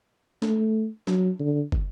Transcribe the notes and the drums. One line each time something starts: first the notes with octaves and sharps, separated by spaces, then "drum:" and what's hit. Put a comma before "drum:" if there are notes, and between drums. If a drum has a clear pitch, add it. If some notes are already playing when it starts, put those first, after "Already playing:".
A3, drum: snare
F#3, drum: snare
D3
drum: kick